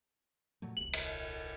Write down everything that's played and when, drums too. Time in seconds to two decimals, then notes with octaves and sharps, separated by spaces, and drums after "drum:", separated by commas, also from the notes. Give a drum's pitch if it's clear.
0.62 A#2 F#3 A3
0.77 D#1 C2 F#7
0.93 drum: cymbal